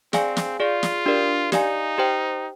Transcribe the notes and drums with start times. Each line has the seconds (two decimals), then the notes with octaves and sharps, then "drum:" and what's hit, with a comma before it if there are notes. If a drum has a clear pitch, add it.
0.13 C4 G#4 D5 F5 G#5, drum: snare
0.37 drum: snare
0.60 F4 G#4 D5 F5
0.83 drum: snare
1.06 D4 G4 A#4 D5
1.52 D#4 G4 D5 F5 G#5, drum: snare
1.98 G4 C5 G5